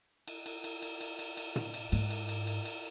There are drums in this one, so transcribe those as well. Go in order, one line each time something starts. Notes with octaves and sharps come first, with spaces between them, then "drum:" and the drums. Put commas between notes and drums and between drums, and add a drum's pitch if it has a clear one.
drum: cymbal
drum: cymbal
drum: cymbal
drum: cymbal
drum: cymbal
drum: cymbal
drum: cymbal
drum: tom
drum: cymbal
G#2, drum: cymbal
drum: cymbal
drum: cymbal
drum: cymbal
drum: cymbal